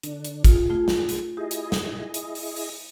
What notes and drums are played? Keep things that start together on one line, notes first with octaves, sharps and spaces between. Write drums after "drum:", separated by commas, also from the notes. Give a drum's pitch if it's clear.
D3 D4, drum: hi-hat
drum: hi-hat
F4 G#4, drum: kick, hi-hat
A3 F4
drum: snare
drum: hi-hat
E4 G4 G#4 D#5
drum: hi-hat
drum: snare
drum: hi-hat
drum: open hi-hat
drum: open hi-hat